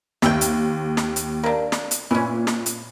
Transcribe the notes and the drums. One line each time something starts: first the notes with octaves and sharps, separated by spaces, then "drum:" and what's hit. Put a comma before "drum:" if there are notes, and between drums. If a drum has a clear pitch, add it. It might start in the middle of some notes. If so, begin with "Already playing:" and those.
D#2 E5 G5, drum: snare
drum: hi-hat
drum: snare
drum: hi-hat
A#3 D4
drum: snare
drum: hi-hat
A#2 E3 C#4
drum: snare
drum: hi-hat